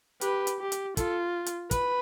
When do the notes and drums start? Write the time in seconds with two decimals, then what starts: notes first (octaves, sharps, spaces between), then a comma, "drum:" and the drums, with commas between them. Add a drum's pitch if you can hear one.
0.21 G4 B4, drum: hi-hat
0.47 drum: hi-hat
0.60 G4
0.72 drum: hi-hat
0.97 F4 A4, drum: kick, hi-hat
1.46 drum: hi-hat
1.71 B4, drum: kick, hi-hat